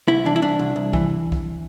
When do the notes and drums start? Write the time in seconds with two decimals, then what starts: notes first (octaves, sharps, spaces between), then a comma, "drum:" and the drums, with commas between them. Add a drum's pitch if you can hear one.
0.08 C2 E4
0.25 E3 D4
0.36 E4
0.42 C2 D4
0.59 C2
0.76 C2
0.93 E3, drum: kick B1
1.32 drum: kick B1